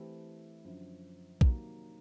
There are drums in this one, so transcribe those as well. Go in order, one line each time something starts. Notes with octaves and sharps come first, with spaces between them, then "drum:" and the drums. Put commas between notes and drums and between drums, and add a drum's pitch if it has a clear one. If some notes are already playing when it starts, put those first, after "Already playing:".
Already playing: E3 A3 C4 E4 G4
F#2 D3 F3
C3 D#3 F#3 A#3, drum: kick